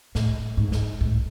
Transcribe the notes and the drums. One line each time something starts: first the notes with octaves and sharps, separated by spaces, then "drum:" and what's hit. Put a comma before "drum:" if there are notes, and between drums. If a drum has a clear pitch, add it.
A2, drum: snare
G#2
drum: snare
A2, drum: kick